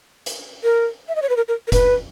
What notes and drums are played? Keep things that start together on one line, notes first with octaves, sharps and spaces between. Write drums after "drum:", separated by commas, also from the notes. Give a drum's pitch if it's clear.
drum: hi-hat
A#4
E5
D#5
C#5
B4
A#4
A#4
A#4
B4, drum: kick F1, hi-hat